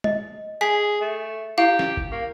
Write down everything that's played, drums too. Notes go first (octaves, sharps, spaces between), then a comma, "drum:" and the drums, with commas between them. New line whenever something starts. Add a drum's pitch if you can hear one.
D#5, drum: tom
G#4 G#5 B6
A3
E4 G4 F5
drum: snare
drum: kick
A#3 C#6